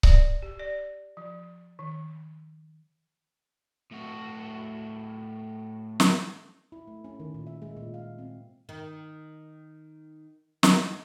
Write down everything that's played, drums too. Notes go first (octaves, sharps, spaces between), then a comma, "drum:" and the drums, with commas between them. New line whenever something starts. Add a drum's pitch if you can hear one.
D5, drum: kick C#1
G4
D5
F3
D#3
A2 F#4
drum: snare
E4
A3
C#4
D#3
A#2
E5
G#3
A#2
F5
C4
D#3
D#4, drum: snare